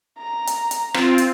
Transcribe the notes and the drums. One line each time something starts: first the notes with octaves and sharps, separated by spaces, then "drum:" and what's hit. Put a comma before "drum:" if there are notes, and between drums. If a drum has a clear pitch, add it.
A#5
drum: hi-hat
drum: hi-hat
C4 F4, drum: rim click
drum: hi-hat